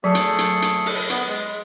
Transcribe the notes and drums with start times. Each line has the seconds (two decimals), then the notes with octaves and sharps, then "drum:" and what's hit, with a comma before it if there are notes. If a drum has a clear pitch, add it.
0.04 F#3 A3 G#4 A4
0.15 drum: hi-hat
0.38 drum: hi-hat
0.62 drum: hi-hat
0.86 drum: open hi-hat
1.10 B3, drum: hi-hat
1.28 G#3